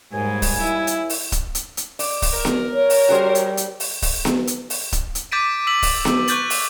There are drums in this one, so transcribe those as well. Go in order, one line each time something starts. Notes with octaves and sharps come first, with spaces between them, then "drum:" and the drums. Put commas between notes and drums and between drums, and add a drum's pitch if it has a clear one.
D#2 G#2 G3 G#5
drum: kick, open hi-hat
E4
drum: hi-hat
drum: open hi-hat
drum: kick, hi-hat
drum: hi-hat
drum: hi-hat
D5, drum: open hi-hat
drum: kick, open hi-hat
A#4
drum: snare B3
C#5
drum: open hi-hat
G3 F#4 G#4 C5
drum: hi-hat
drum: hi-hat
drum: open hi-hat
drum: kick, open hi-hat
drum: snare B3
drum: hi-hat
drum: open hi-hat
drum: kick, hi-hat
drum: hi-hat
D6 G6 A6 B6 D7 D#7
E6 B6 F#7
drum: kick, open hi-hat
drum: snare B3
C#6 F#6 G6 A6 F#7, drum: hi-hat
drum: open hi-hat